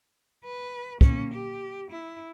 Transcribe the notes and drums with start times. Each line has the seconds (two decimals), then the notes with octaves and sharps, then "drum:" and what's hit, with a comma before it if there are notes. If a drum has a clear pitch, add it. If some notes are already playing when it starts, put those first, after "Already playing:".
0.44 B4
1.01 A#3 C#4, drum: kick
1.33 G4
1.90 E4